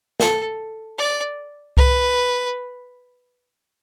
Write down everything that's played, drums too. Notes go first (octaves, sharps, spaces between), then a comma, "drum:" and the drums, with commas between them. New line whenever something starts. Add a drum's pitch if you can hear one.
A4, drum: snare
D5
B4, drum: kick C2